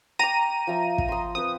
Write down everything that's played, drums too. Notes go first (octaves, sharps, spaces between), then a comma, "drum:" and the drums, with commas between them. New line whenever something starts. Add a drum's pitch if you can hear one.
G5 A#5 D6 D#7
F3 E5 D#6
drum: kick
C6 D#6
C4 B4 D#6